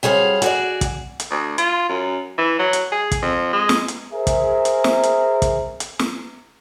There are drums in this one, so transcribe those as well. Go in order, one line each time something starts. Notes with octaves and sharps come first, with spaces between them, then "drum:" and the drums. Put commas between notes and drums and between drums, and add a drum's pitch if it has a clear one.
F#3 G3 G#4 C5 F5
F#4 G#4 D5, drum: hi-hat
drum: kick, hi-hat
drum: hi-hat
D2
F4, drum: hi-hat
F#2
E3
F#3
drum: hi-hat
G#4
drum: kick, hi-hat
F2
G#3
drum: snare
drum: hi-hat
G#4 A#4 C5 E5
drum: kick, hi-hat
drum: hi-hat
drum: snare
drum: hi-hat
drum: kick, hi-hat
drum: hi-hat
drum: snare